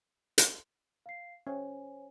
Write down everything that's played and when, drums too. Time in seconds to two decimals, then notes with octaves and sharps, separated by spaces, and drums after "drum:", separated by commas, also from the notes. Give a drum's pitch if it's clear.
0.38 drum: hi-hat
1.06 F5 C7
1.47 C#4 C5 C#5 G#5